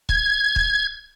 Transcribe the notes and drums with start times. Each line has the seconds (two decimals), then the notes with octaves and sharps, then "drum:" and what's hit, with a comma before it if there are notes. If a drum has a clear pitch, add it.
0.09 G#6, drum: kick C#1
0.56 drum: kick C#1